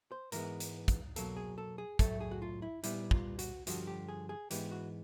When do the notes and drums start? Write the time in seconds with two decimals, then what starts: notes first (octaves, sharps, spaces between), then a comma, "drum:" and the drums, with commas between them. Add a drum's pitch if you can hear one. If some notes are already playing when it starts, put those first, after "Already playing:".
0.12 C5
0.32 G#2 E3 G#3 B3 A#4, drum: hi-hat
0.60 drum: hi-hat
0.88 drum: kick, hi-hat
1.16 B2 F#3 A#3 A4, drum: hi-hat
1.37 G#4
1.58 A4
1.78 G#4
1.99 A2 F#3 A3 A4, drum: kick, hi-hat
2.21 G#4
2.31 F#4
2.42 F4
2.62 E4
2.83 A#2 G3 B3 E4, drum: hi-hat
3.11 F4, drum: kick
3.39 F#4, drum: hi-hat
3.67 G2 D3 F3 F#4, drum: hi-hat
3.87 G4
4.09 G#4
4.29 G#4
4.50 G#2 E3 G#3 B3 G4, drum: hi-hat
4.71 F#4